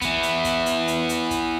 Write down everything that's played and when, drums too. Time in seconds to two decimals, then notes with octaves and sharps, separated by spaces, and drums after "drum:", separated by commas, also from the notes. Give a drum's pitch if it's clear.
0.01 E3 B3, drum: kick, hi-hat
0.23 drum: hi-hat
0.44 drum: kick, hi-hat
0.66 drum: hi-hat
0.88 drum: hi-hat
1.09 drum: hi-hat
1.31 drum: kick, hi-hat